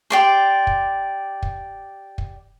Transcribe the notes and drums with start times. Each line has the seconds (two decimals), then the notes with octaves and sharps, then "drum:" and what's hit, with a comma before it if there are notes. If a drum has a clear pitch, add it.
0.10 G4 D5 C6
0.67 drum: kick
1.43 drum: kick
2.18 drum: kick